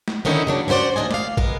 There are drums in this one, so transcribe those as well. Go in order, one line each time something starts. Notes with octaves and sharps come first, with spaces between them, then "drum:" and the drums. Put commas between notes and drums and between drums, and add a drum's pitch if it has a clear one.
drum: snare
D3 D#3 C#4 D#4 E4
C#3 F#3 D4
C#4 E4 F#4 C5 D5
D#2 D#3 D4 D#5 G#5
D5 F5, drum: snare
G#3 B3 A#4 F5, drum: kick